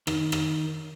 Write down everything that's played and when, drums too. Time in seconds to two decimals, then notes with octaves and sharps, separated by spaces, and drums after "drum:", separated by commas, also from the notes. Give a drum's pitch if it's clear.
0.07 D#3, drum: rim click
0.32 drum: rim click